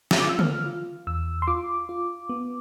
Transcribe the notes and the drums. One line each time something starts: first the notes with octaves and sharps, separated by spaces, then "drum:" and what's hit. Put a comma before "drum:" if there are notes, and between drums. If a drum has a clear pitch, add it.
E6, drum: snare
D6
F4 E6
F6, drum: tom
F4
E2 E6
C6
F4 D6
F4
B3